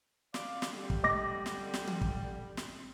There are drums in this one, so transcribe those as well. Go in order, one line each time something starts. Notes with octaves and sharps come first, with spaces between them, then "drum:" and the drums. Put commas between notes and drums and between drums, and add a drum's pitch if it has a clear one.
D5 F5, drum: snare
drum: snare
D3 G3
drum: kick
D#5 D6 A#6
drum: snare
drum: snare
drum: tom
drum: kick
drum: snare